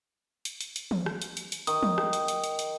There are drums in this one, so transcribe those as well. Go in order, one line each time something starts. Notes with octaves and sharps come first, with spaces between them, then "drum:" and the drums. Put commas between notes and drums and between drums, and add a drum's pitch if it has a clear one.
drum: hi-hat
drum: hi-hat
drum: hi-hat
drum: tom
drum: rim click
drum: hi-hat
drum: hi-hat
drum: hi-hat
D#3 D#6, drum: hi-hat
drum: tom
drum: rim click
drum: hi-hat
drum: hi-hat
drum: hi-hat
drum: hi-hat